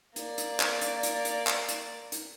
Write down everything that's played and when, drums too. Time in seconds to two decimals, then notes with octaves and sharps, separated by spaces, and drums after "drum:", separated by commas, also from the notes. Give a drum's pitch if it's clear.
0.16 A#3 D5, drum: hi-hat
0.38 drum: hi-hat
0.60 drum: clap
0.81 drum: hi-hat
1.03 drum: hi-hat
1.25 drum: hi-hat
1.47 drum: clap
1.69 drum: hi-hat
2.12 drum: hi-hat